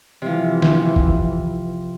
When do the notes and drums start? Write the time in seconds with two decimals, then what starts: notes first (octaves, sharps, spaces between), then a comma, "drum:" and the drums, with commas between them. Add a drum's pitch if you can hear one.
0.22 C3 E3 F3
0.62 drum: snare
0.96 drum: kick